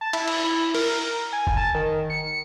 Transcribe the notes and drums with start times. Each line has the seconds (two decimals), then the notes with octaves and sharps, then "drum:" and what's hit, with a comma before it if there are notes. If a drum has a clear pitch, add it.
0.01 A5
0.13 E4, drum: cymbal
0.28 drum: cymbal
0.44 E4
0.75 A#4, drum: open hi-hat
1.33 G#5
1.47 drum: kick F1
1.57 A5
1.75 D#3
2.10 C#7